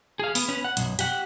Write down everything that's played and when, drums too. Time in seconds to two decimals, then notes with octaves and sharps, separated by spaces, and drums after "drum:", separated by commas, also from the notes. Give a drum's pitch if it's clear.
0.19 G#4 F5
0.35 B3, drum: open hi-hat
0.49 C#4 B4
0.64 F#5
0.77 B1 F#2, drum: hi-hat
0.99 G4 F#5, drum: hi-hat